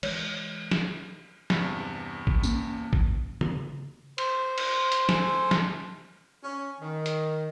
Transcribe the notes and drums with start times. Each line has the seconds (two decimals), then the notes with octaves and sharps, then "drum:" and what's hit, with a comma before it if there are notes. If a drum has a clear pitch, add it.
0.03 E3 G#3 C#5, drum: cymbal
0.71 drum: snare
1.50 E2 G2 C3, drum: snare
2.27 drum: kick
2.43 A#3 C#4, drum: tambourine
2.93 drum: kick
3.41 drum: tom C#3
4.18 C5, drum: cymbal
4.58 drum: cymbal
4.92 drum: hi-hat
5.09 A4 C5 G#5, drum: snare
5.51 drum: snare
6.43 C#4
6.81 D#3
7.06 drum: hi-hat